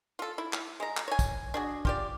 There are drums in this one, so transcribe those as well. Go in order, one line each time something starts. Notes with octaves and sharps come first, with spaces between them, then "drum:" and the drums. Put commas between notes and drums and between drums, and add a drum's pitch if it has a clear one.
F4 A4
E4
drum: clap
G#3 A#5
drum: clap
C#5 G#5
drum: kick, tambourine
D4 F#4 G#4
F4 G4 D5, drum: kick